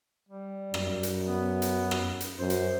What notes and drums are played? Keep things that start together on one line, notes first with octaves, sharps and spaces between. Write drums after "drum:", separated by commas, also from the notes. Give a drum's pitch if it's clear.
G3
F#2, drum: rim click
drum: hi-hat
B3
drum: hi-hat
drum: rim click
drum: hi-hat
F#2 C5
drum: hi-hat